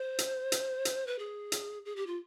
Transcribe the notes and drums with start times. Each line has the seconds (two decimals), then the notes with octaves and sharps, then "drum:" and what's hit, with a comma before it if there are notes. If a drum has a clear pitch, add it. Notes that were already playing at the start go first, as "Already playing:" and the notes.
Already playing: C5
0.19 drum: hi-hat
0.52 drum: hi-hat
0.85 drum: hi-hat
1.07 B4
1.19 G#4
1.52 drum: hi-hat
1.85 G#4
1.96 G4
2.07 F4